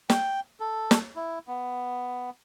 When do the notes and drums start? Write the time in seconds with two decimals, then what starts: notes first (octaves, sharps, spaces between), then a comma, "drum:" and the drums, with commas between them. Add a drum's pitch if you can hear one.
0.10 G5, drum: snare
0.60 A4
0.91 drum: snare
1.16 E4
1.48 B3